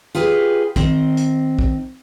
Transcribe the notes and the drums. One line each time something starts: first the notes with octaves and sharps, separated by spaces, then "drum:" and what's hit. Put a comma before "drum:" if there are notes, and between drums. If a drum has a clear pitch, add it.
F4 G4 G#4 B4
D#3 C4, drum: kick, hi-hat
drum: hi-hat
drum: kick